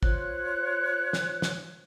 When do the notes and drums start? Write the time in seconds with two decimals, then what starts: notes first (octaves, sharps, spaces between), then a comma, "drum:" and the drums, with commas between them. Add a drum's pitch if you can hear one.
0.03 F4 C5 C#5 F#6, drum: kick
1.13 drum: snare
1.42 drum: snare